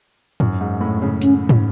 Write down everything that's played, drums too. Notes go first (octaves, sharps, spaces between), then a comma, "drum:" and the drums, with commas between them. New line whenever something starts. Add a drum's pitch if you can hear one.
F#2, drum: tom G#2
G#2
A2
C#3
C#4, drum: hi-hat
drum: tom